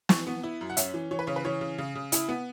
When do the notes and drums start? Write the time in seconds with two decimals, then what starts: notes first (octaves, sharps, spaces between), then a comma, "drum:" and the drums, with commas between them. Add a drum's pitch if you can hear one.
0.09 E3 C#6, drum: snare
0.27 B3
0.44 E4
0.61 F#2
0.70 F#5
0.77 C#4 E5, drum: hi-hat
0.94 E3
1.11 E3 C#5
1.19 B4
1.27 C#3 C#5
1.36 B4
1.45 E3 C#5
1.61 C#3
1.78 C#3
1.95 C#3
2.12 E4, drum: hi-hat
2.29 B3